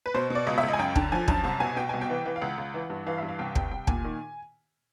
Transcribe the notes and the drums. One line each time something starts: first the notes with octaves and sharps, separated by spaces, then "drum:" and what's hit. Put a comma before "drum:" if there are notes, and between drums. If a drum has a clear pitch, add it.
B4
B2 C5
B2
D5
C#2 D#5
E5
C#2
D#5
G#5
F#2 G5
D3 A5, drum: kick
F3 G#5
F#2 A5, drum: kick
C2 A5
B2 G#5
B2 G5
C2 G#5
G5
E3
E3
F5
C#2 F#5
C#2
E3
G2
E3 F5
G2 E5
F5
C2 G5
C2 G5, drum: kick
C2 G5
A#2 G#5, drum: kick
D#3